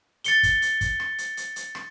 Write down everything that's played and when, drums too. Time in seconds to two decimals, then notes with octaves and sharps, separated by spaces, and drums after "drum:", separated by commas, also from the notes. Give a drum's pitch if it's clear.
0.24 A6 C#7 G7, drum: hi-hat
0.43 drum: kick, hi-hat
0.62 drum: hi-hat
0.81 drum: kick, hi-hat
1.00 drum: rim click
1.18 drum: hi-hat
1.37 drum: hi-hat
1.56 drum: hi-hat
1.75 drum: rim click